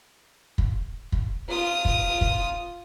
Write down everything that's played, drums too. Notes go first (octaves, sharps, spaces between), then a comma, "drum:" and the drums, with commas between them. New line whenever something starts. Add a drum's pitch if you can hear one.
drum: kick
drum: kick
F4 D#6
drum: kick
drum: kick